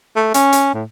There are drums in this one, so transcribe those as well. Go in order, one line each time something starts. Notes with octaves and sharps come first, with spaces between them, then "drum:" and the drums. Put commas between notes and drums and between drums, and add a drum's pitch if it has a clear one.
A3
C#4, drum: hi-hat
drum: hi-hat
A2